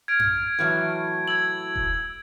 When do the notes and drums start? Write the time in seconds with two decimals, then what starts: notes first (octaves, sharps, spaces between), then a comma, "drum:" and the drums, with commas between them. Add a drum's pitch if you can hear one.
0.08 F6 G#6 D7
0.20 drum: tom F#2
0.59 A2 E3 F#3
1.28 E6 G#6 F#7
1.76 drum: kick E1